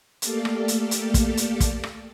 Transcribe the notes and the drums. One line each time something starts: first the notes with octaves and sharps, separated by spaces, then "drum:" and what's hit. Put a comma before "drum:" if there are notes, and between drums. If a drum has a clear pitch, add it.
A3 A#3 G4 A4 D5 F5, drum: hi-hat
drum: rim click
drum: hi-hat
drum: hi-hat
drum: kick, hi-hat
drum: hi-hat
drum: kick, hi-hat
drum: rim click